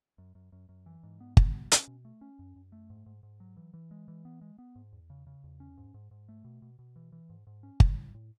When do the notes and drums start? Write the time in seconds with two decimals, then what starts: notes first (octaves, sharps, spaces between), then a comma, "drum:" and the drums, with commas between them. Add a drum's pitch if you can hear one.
0.18 F#2
0.35 F#2
0.52 F#2
0.69 F#2
0.86 E3
1.03 G#2
1.20 B3
1.37 B3, drum: kick G1
1.54 B2
1.72 C#4, drum: hi-hat
1.87 B2
2.05 A3
2.21 C#4
2.39 F#2
2.56 F#2
2.72 A3
2.90 G#2
3.06 G#2
3.23 G#2
3.40 F#3
3.57 E3
3.74 E3
3.91 G#3
4.08 E3
4.25 B3
4.41 G#3
4.58 B3
4.76 G#2
4.93 E2
5.10 C#3
5.27 C#3
5.44 E2
5.60 C#4
5.77 G#2
5.94 G#2
6.11 G#2
6.29 A3
6.45 B2
6.62 B2
6.79 B2
6.96 E3
7.12 E3
7.30 G#2
7.47 G#2
7.63 C#4
7.80 F#3, drum: kick G1
7.97 A2
8.15 A2